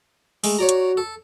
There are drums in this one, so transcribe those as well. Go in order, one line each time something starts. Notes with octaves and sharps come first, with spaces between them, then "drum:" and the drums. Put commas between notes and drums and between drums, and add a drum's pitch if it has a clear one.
G#3 A3, drum: open hi-hat
F#4 C#5 D5 A#5
drum: hi-hat
A4